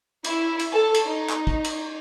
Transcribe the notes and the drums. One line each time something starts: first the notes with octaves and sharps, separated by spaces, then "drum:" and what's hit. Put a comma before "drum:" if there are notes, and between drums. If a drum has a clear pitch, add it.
E4, drum: cymbal
drum: cymbal
A4
drum: cymbal
D#4
drum: clap
drum: kick
drum: cymbal